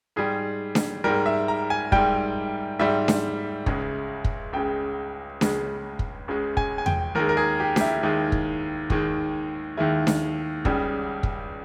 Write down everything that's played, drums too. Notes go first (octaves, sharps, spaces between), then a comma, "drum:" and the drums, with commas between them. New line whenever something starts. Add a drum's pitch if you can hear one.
G#2 G3 G#4
drum: snare D4
G#2 G3 A#4
E5
A#5
G#5
G#2 G3 G5, drum: kick
G#2 G3 E5
drum: snare D4
C#2 C#3 G#3, drum: kick
drum: kick
C#2 C#3 G#3 G5
C#2 C#3 G#3, drum: snare D4
drum: kick
C#2 C#3 G#3
G#5, drum: kick
G#5
G5, drum: tom E2
D#2 D#3 G#3 A#4
A#4
G#4
G4
G4, drum: snare D4
E4
D#2 D#3 G#3
drum: kick
D#2 D#3 G#3, drum: kick
D#2 D#3 G#3 E4
drum: snare D4
C#2 C#3 G3, drum: kick
drum: kick